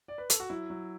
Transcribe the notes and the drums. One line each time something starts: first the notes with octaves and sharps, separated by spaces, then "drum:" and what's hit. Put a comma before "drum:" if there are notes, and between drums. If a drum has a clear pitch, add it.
D5
B4
A4, drum: hi-hat
F#4
F#3 E4
F#3